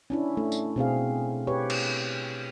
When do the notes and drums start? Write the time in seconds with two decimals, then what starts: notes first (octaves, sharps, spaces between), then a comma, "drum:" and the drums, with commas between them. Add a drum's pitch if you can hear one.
0.10 C#4 D4 E4
0.37 A3 D4
0.52 drum: tambourine
0.76 B2 C4 G#4 F5
1.47 G4 B4 C#5
1.70 drum: cymbal